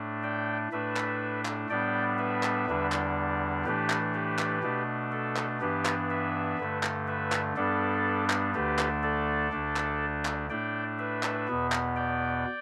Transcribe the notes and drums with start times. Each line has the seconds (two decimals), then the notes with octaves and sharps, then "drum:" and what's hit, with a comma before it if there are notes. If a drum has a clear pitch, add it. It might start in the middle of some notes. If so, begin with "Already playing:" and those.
Already playing: A2 A3 D4
0.23 D5 G5
0.72 A2 A3 D4 B4 E5
0.97 drum: clap
1.45 drum: clap
1.70 A2 G3 B3 D4 D5 G5
2.18 B4 E5
2.43 drum: clap
2.67 E2 D3 G3 D4
2.92 drum: clap
3.65 A2 E3 A3 D4 G4 B4
3.90 drum: clap
4.14 G4 B4
4.39 drum: clap
4.63 B2 A3 D4
5.12 A4
5.36 drum: clap
5.61 G2 E3 B3 D4 G4 B4
5.85 drum: clap
6.10 B4 E5
6.59 G2 D3 A3
6.83 drum: clap
7.07 B4 E5
7.32 drum: clap
7.56 G2 G3 B3 D4 A4 D5
8.30 drum: clap
8.54 D2 D3 A3 D4 G4 B4
8.79 drum: clap
9.03 A4 D5
9.52 D2 D3 A3 D4
9.76 drum: clap
10.25 drum: clap
10.50 A2 A3 D4 D5 G5
10.98 B4 E5
11.23 drum: clap
11.48 E2 B2 B3
11.72 drum: clap
11.96 D5 G5